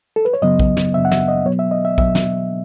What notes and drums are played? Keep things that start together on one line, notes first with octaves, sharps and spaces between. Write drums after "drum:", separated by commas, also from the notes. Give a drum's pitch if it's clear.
A4
B4
C#5
F#2 C#3 F#3 B3 D#5
drum: kick A#1
drum: snare
F#2 C#3 F#3 B3 E5
F#5
E5, drum: snare
D#5
B2 F#3 B3 C#5
E5
D#5
E5
B2 F#3 B3 E5, drum: kick A#1
drum: snare